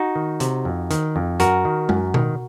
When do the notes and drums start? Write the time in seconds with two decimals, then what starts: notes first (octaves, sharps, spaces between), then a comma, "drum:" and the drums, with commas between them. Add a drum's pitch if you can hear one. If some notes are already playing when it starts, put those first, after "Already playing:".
Already playing: D#4 F#4
0.16 D#3
0.40 C3, drum: hi-hat
0.65 F2
0.91 D#3, drum: hi-hat
1.16 F2
1.40 F#2 F#4 A#4, drum: hi-hat
1.65 D#3
1.89 F#2, drum: tom G#3
2.14 D#3, drum: tom B2